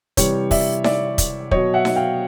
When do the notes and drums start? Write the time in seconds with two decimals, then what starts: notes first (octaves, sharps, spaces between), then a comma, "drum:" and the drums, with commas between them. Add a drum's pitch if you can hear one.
0.17 C3 E3 G3 C#5, drum: kick, hi-hat
0.51 D5 E5, drum: kick, open hi-hat
0.84 D5 E5, drum: snare D#4
1.18 drum: kick, hi-hat
1.51 B2 F#3 C#5 D#5, drum: kick
1.74 E5 F#5
1.85 drum: snare D#4
1.96 F5 G5